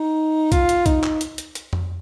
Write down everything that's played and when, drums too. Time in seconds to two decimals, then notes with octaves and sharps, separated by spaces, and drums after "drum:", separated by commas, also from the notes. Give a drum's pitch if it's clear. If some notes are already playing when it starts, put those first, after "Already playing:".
Already playing: D#4
0.52 F4, drum: kick, hi-hat
0.69 drum: hi-hat
0.86 D#4, drum: kick, hi-hat
1.04 drum: clap
1.21 drum: hi-hat
1.38 drum: hi-hat
1.55 drum: hi-hat
1.73 drum: tom F2